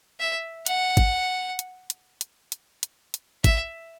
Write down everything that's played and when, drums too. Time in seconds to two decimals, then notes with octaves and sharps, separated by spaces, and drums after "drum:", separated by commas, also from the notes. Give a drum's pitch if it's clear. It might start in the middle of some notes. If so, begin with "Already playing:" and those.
0.20 E5
0.66 F#5, drum: hi-hat
0.97 drum: kick, hi-hat
1.59 drum: hi-hat
1.90 drum: hi-hat
2.21 drum: hi-hat
2.52 drum: hi-hat
2.83 drum: hi-hat
3.14 drum: hi-hat
3.44 E5, drum: kick, hi-hat